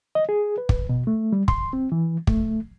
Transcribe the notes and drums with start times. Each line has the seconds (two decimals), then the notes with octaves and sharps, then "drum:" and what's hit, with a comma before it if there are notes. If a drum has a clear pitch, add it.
0.15 D#5
0.29 G#4
0.58 B4
0.69 drum: kick
0.89 B2
1.07 A3
1.33 G3
1.48 C6, drum: kick
1.73 C4
1.92 E3
2.27 A3, drum: kick